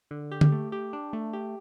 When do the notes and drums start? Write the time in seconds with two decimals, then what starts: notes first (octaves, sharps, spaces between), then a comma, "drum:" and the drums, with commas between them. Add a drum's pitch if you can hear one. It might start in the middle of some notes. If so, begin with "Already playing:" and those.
0.11 D3
0.32 G4
0.41 drum: tom
0.52 A3
0.72 G4
0.93 D4
1.13 A3
1.33 G4